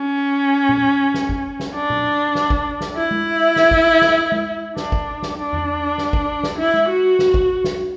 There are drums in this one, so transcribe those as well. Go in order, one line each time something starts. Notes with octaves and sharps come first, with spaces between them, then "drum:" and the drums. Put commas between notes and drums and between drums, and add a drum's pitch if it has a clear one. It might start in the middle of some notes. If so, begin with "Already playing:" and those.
Already playing: C#4
drum: tom A#2
drum: snare
drum: kick
drum: snare
D4
drum: tom A#2
drum: snare
drum: kick
drum: snare
E4
drum: tom G#3
drum: snare
drum: kick
drum: snare
drum: tom G#3
D4, drum: snare
drum: kick
drum: snare
D4
drum: tom E2
drum: snare
drum: kick
drum: snare
E4
drum: tom G#3
F#4
drum: snare
drum: kick
drum: snare